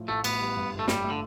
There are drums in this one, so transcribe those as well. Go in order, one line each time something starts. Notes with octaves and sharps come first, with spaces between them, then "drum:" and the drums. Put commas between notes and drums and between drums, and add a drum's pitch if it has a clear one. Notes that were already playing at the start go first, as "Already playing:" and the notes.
Already playing: A2 F3
A1 A3
A2 B3, drum: cymbal
G3
G2
G1
A3
G2 G3, drum: snare
A3
D3